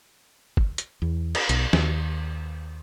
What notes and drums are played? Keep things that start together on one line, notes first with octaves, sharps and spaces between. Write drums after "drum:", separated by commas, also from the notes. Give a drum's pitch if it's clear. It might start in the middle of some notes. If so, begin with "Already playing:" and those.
drum: kick
drum: hi-hat
E2
drum: cymbal
B1, drum: hi-hat
D#2, drum: snare